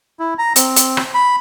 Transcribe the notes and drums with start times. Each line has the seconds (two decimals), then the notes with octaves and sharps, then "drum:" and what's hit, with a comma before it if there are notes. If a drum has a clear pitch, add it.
0.19 E4
0.38 A#5
0.56 C4, drum: hi-hat
0.76 drum: hi-hat
0.97 drum: rim click
1.14 B5